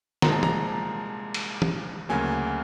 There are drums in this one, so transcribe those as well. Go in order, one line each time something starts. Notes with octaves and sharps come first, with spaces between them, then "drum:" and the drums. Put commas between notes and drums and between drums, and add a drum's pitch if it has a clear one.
C2 A#2 F3 G#3 A#5, drum: snare
A5
A#5, drum: tom E3
drum: cymbal
drum: tom E3
D2 C#3 F#3 A#3 G#5